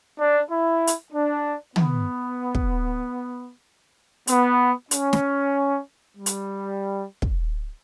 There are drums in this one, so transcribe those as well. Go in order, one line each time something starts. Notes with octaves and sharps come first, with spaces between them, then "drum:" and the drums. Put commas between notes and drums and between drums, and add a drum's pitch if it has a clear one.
D4
E4
drum: hi-hat
D4
B3, drum: tom
drum: kick
B3, drum: hi-hat
C#4, drum: hi-hat
drum: snare
G3
drum: hi-hat
drum: kick